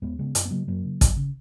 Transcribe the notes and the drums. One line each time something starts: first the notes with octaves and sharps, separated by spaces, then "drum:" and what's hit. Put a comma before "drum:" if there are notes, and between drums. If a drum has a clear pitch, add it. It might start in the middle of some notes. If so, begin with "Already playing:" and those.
D#2 G#3 B3
C#3 G#3 B3
F#2, drum: hi-hat
B3
C#3 F#3 A#3
F#2 F#3 A#3
C#3
F#2, drum: kick, hi-hat
C#3